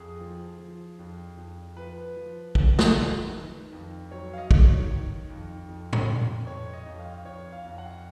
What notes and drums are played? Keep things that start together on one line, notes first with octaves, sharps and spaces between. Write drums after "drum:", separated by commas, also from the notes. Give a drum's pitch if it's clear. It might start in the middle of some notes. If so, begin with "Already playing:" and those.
Already playing: F2 G#4
F3
F3
F2
F2
F3 B4
F3
F2, drum: kick
drum: snare
D#3
D#3
F2
F#3 C#5
F5
D#5
D#3, drum: kick
C#5
D#3
F2
F2
drum: tom A2
F2
F2 C#5
D#5
F2
F5
F2 C#5
F5
F2
F#5